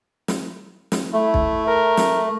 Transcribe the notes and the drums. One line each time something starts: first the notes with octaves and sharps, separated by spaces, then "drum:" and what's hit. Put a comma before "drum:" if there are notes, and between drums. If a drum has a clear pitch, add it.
drum: snare
drum: snare
A3 E4
drum: kick
A#4
drum: snare